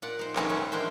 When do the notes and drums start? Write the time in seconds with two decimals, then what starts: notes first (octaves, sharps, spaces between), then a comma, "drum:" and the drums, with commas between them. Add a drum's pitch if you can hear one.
0.02 A#2 D5 F#5
0.19 D#4 C5
0.36 D#3 G#3 A3 B3 C#4 D#4, drum: clap
0.50 C#4 G#4
0.72 A#2 E3 G#3 D4 C5 G5